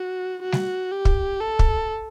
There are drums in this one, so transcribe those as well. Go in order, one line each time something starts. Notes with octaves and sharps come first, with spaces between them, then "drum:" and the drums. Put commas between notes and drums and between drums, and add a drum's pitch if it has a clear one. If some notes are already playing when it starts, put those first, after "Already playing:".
Already playing: F#4
F#4
drum: snare G3
G4
drum: kick
A4
drum: kick